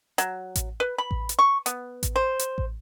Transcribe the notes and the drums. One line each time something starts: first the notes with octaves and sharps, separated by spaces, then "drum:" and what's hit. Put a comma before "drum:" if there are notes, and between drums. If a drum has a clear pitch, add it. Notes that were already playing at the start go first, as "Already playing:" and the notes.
F#3, drum: hi-hat
drum: kick A1, hi-hat
B4
B5
drum: kick A1
drum: hi-hat
C#6
B3, drum: hi-hat
drum: kick A1, hi-hat
C5
drum: hi-hat
drum: kick A1